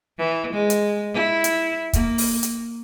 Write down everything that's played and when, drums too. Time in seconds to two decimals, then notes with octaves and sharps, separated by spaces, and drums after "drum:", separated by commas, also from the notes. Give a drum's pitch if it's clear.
0.18 E3
0.53 G#3
0.70 drum: hi-hat
1.14 E4
1.44 drum: hi-hat
1.93 A#3, drum: kick, hi-hat
2.18 drum: open hi-hat
2.43 drum: hi-hat